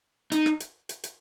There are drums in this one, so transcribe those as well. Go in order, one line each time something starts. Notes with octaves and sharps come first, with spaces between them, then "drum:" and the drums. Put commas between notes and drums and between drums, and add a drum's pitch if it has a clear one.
D#4, drum: hi-hat
drum: rim click
drum: hi-hat
drum: hi-hat
drum: hi-hat